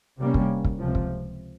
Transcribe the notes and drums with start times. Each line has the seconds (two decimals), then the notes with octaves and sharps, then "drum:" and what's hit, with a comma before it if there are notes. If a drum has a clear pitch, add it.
0.20 C3 G3 A#3 C#4
0.34 drum: kick
0.65 drum: kick
0.80 C#2 C3 F3
0.95 drum: kick